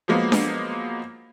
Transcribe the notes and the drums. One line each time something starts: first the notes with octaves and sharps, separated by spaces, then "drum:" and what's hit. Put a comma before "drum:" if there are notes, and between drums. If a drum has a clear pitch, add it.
F3 F#3 G#3 A#3 B3
drum: snare D4